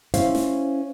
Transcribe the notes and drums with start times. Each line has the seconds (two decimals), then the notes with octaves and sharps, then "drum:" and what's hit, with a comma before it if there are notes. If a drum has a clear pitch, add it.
0.14 C#4 E4 C5 F5, drum: hi-hat
0.35 drum: snare